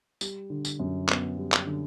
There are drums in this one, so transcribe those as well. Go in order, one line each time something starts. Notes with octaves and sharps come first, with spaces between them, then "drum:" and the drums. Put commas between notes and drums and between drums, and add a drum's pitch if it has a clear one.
G3, drum: tambourine
D3
drum: tambourine
F#2
B3, drum: clap
G3
drum: clap
D3